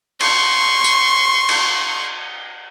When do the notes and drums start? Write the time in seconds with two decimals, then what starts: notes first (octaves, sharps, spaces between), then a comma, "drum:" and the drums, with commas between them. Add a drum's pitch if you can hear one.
0.21 C6 C#6, drum: cymbal
0.84 drum: tambourine
1.49 drum: cymbal